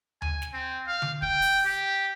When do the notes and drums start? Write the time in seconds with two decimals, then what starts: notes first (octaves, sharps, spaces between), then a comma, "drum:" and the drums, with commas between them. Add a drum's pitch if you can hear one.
0.22 G#5, drum: tom D2
0.42 drum: snare
0.54 C4
0.87 F5
1.02 drum: tom D3
1.22 G5, drum: kick
1.42 drum: open hi-hat
1.65 G4